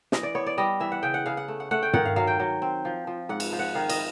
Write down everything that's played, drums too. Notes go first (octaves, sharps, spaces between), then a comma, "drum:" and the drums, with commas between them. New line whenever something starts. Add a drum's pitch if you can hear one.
E3 D#5, drum: snare
D5
B3 C#5
D5
G3 D#5
E3 E5
F#5
C#3 G5
F#5
C#3 F5
F#5
A3
F#5
A3 F#5
G5
D#3 F#5, drum: tom
F5
F#3 F5
G5
F#3
C4
F3
F3
G#2 F#5
drum: cymbal
F3
F#5
D#3 F5
D#5, drum: cymbal